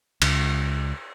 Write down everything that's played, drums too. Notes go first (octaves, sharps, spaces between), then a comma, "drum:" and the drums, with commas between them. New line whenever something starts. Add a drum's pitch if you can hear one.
C#2, drum: cymbal